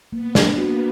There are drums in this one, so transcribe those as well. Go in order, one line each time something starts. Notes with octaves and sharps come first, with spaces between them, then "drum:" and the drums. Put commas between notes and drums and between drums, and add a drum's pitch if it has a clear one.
A#3 B3
D4, drum: snare
A#3 F#4